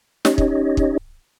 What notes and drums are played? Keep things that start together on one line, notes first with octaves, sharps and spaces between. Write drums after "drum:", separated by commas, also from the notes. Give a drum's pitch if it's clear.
C#4 D#4 G4 C#5 D#5, drum: snare
drum: kick
drum: kick